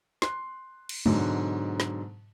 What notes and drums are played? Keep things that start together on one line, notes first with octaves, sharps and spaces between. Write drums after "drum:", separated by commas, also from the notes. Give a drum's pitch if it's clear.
C6 F#6, drum: snare
drum: cymbal
G#2 B2 D3 F#3, drum: tom G#3
drum: snare